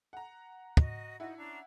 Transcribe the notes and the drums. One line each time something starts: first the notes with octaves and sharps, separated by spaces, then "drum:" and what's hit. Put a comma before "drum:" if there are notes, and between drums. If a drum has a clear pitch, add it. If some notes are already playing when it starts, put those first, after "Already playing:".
F#5 A#5
F#4 D#5, drum: kick
D#4 E4 F#4 D#5 F#5
C#4 D4 A#5